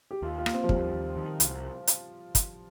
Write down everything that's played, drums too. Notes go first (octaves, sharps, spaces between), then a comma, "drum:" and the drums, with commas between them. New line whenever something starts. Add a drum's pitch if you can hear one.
G4
D#2 F4
F4
A#3, drum: rim click
C4
F3
D#2 G3, drum: kick
D#2
D#3
C2, drum: hi-hat
drum: hi-hat
drum: kick, hi-hat